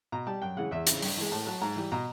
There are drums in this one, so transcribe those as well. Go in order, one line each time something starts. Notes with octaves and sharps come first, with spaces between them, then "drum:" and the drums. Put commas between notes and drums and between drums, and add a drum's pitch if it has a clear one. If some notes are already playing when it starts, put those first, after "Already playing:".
B2 A#5
G3 A5
F#2 G5
C#3 E3 G#3 F#5
E2 E5
C#3 E3, drum: hi-hat
G2, drum: open hi-hat
E3 G#3
A2 A5
F#3 A5
G#2 A#5
E3 G3
B2 A#5